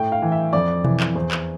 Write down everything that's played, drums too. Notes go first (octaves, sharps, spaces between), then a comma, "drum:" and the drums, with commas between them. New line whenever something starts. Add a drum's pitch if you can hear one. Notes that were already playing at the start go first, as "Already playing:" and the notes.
Already playing: A2 G5
F5
E3
E5
F2 D5
E3, drum: tom B2
drum: clap
E2 C5
drum: clap